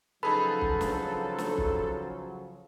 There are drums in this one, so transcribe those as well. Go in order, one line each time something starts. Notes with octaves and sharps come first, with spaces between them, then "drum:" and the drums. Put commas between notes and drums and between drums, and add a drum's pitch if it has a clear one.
C#3 F3 F#3 D#4 G#4 A4 B4 B5
drum: kick
drum: snare
drum: snare
drum: kick